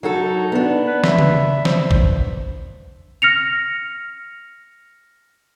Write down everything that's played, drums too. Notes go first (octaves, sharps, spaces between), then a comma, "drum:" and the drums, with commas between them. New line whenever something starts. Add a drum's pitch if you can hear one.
F#3 D#4 F#4 A4
B3 D4
B4
E5, drum: snare
drum: tom C#3
C5, drum: snare
drum: kick
F6 A#6 C#7 F7